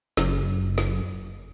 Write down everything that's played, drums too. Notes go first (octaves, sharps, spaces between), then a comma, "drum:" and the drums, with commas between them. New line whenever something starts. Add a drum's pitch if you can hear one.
F#1, drum: snare
drum: snare